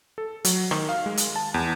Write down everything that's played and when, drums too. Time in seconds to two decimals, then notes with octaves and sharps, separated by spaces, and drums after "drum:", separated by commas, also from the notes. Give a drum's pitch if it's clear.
0.18 A4
0.45 F#3, drum: hi-hat
0.71 D#3, drum: rim click
0.89 F5
1.06 G#3
1.17 drum: hi-hat
1.36 A5
1.54 E2